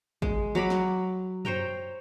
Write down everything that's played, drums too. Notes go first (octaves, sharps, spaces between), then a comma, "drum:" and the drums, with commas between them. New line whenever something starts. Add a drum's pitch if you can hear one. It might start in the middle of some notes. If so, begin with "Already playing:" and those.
G#3, drum: kick G#1
F#3 A#5 B5 D6
drum: snare
C5 C#5 G5 A#5, drum: tom F#2